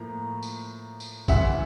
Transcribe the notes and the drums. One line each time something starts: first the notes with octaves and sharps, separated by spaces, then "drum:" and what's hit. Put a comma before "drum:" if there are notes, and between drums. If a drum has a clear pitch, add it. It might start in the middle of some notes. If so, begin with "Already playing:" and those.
Already playing: A2 F3 A#3 A#5
drum: tambourine
drum: tambourine
D2 C#3 E3 E5 F#5, drum: kick, tambourine